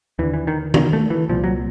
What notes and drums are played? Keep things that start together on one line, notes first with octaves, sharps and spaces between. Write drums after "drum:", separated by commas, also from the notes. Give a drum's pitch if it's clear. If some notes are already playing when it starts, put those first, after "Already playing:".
D#2 D3 E3
E3
D#3
D#3, drum: tom D#3
A3
E3
C2 A#2 F3
F#3